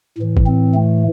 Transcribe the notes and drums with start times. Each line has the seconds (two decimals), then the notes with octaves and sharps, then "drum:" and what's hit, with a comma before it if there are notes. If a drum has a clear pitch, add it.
0.17 A2 E3
0.37 drum: kick G#1
0.46 C4
0.74 A3